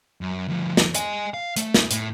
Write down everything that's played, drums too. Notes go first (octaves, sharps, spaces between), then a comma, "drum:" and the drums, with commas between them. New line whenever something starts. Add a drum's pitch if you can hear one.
F#2
D2 F3
drum: snare
D#5 G#5, drum: hi-hat
F5
A3, drum: hi-hat
drum: snare
A2, drum: hi-hat